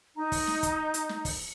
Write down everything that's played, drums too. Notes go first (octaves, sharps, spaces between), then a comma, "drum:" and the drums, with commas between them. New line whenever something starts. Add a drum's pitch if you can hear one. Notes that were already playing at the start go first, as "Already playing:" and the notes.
D#4 A#5
drum: kick, open hi-hat
drum: snare
drum: kick, hi-hat
drum: hi-hat
drum: snare
drum: kick, open hi-hat